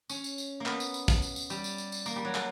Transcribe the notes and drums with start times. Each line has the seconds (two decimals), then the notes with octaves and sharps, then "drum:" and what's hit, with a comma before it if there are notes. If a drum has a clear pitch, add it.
0.09 C#4, drum: tambourine
0.24 drum: tambourine
0.38 drum: tambourine
0.60 A#3
0.66 B3, drum: clap
0.80 drum: tambourine
0.94 drum: tambourine
1.08 drum: kick, tambourine
1.22 drum: tambourine
1.36 drum: tambourine
1.50 G3, drum: tambourine
1.64 drum: tambourine
1.78 drum: tambourine
1.92 drum: tambourine
2.06 A#3, drum: tambourine
2.16 G3
2.25 F#3
2.35 A#3, drum: clap